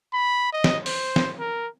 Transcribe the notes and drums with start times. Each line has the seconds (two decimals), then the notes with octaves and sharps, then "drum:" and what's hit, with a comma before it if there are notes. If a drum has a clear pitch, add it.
0.14 B5
0.53 D#5
0.64 drum: snare
0.86 C5, drum: open hi-hat
1.16 drum: snare
1.40 A#4